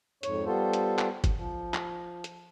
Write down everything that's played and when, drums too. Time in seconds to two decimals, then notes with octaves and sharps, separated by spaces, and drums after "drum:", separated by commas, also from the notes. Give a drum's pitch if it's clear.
0.23 F2 G#2 C#5, drum: hi-hat
0.45 G3 B3 F4 A4 C5
0.73 drum: hi-hat
0.99 drum: clap
1.24 drum: kick G1, hi-hat
1.35 F3
1.74 drum: clap
2.24 drum: hi-hat